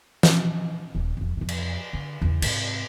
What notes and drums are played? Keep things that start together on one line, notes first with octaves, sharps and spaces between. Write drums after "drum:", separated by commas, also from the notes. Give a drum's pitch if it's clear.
drum: snare
D#1
E1 F2
F2 C3
drum: cymbal
D3
E2 C#3
G#2 C3, drum: cymbal